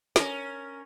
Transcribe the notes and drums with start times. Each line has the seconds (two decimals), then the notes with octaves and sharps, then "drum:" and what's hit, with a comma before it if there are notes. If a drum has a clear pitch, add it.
0.16 C#4 A#4, drum: snare